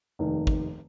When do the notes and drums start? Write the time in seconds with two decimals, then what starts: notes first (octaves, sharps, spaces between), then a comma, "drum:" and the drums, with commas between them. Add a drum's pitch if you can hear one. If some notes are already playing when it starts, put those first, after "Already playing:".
0.19 F1 D#2 D#3
0.47 drum: kick